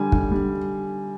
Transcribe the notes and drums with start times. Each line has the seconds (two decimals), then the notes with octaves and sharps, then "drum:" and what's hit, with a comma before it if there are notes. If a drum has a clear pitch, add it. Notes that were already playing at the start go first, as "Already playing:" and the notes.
Already playing: D3 G3 G#5
0.12 D3, drum: kick
0.31 G3